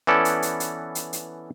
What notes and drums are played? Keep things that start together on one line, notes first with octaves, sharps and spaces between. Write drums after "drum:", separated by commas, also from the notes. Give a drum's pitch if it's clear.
E3 B3 C#4 A4 D5
drum: hi-hat
drum: hi-hat
drum: hi-hat
drum: hi-hat
drum: hi-hat